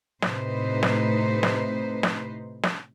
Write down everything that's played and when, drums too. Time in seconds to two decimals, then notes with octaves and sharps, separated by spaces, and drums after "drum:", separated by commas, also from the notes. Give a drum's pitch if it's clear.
0.22 A2 C3 D#4 B4 C5, drum: snare
0.83 drum: snare
1.43 drum: snare
2.03 drum: snare
2.63 drum: snare